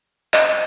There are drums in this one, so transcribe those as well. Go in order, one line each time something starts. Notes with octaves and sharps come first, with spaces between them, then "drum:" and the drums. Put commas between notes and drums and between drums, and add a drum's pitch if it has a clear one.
D#5, drum: clap